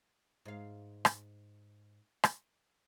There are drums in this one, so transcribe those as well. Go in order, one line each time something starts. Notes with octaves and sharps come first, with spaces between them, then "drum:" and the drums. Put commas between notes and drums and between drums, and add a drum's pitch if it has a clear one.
G#2 F5
drum: rim click
drum: rim click